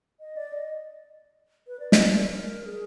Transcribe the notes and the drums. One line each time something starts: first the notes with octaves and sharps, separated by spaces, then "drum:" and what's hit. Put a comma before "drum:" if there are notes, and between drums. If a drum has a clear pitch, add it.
D#5
D5
D#5
B4
D5
D#5, drum: snare
D5
A#4
G#4